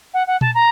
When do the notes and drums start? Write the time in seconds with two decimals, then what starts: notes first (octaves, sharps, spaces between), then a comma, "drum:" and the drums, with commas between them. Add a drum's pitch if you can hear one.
0.14 F#5
0.27 F#5
0.41 A5, drum: tom A#2
0.54 A#5